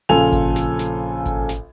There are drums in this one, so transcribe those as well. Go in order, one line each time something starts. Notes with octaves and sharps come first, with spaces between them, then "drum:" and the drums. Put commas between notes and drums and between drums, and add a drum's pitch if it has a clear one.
A#1 C#3 F4 A4 G#5 F7
drum: kick G#1, hi-hat
drum: snare
drum: snare
drum: kick G#1, hi-hat
drum: snare